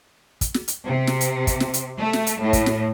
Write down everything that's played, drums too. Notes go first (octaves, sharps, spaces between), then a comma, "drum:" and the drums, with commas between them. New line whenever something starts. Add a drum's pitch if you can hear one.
drum: kick, hi-hat
drum: snare
drum: hi-hat
C3
drum: snare
drum: hi-hat
drum: kick, hi-hat
drum: snare
drum: hi-hat
A3
drum: snare
drum: hi-hat
A2
drum: kick, hi-hat
drum: snare